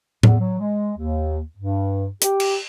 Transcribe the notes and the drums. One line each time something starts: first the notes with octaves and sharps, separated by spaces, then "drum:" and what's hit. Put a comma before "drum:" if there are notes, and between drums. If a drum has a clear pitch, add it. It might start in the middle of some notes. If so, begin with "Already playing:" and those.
E2, drum: tom A2
F#3
G#3
D#2
G2
G4, drum: hi-hat
drum: cymbal